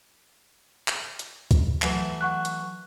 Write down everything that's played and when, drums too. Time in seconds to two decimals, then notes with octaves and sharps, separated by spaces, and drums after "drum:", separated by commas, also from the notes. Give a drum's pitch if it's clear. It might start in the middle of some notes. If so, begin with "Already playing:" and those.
0.88 drum: clap
1.19 drum: hi-hat
1.51 drum: kick C#2, hi-hat
1.82 E3 F#3 A3, drum: clap
2.21 F#5 C#6 F#6
2.45 drum: hi-hat